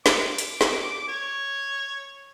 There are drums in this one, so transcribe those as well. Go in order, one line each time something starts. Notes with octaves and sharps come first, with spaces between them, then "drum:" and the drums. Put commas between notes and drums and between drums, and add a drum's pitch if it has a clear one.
D6, drum: snare
drum: hi-hat
drum: snare
C#5